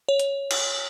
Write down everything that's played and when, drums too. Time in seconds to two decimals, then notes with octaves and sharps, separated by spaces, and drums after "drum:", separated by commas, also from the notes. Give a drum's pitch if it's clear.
0.09 C#5
0.19 drum: hi-hat
0.51 drum: cymbal